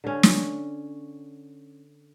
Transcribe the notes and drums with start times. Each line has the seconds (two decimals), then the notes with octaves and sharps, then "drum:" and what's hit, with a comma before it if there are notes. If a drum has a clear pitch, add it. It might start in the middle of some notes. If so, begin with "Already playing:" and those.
0.04 D3 C#4
0.23 drum: snare